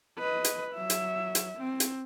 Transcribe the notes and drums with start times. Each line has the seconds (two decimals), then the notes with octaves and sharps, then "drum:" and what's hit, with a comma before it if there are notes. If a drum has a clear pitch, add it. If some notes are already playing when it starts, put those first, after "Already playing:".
0.18 B4 D#5
0.44 drum: hi-hat
0.74 F#3 E5
0.90 drum: hi-hat
1.35 drum: hi-hat
1.57 C4
1.80 drum: hi-hat